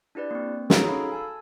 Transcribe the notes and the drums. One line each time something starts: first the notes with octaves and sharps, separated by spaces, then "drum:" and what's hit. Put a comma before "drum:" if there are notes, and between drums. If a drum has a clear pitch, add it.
D4 E4 G4 B4 D5
A#3 C4
C#4 D#4 F#4 G#4 C#5 A#5, drum: snare
A4 F5 B5
G#5 A5 E6